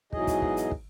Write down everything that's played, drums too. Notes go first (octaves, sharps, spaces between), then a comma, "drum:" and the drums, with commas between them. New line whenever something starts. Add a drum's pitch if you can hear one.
G#2 B2 E3 F#3 G#4 D#5, drum: kick
drum: kick, hi-hat
drum: kick
drum: hi-hat
drum: kick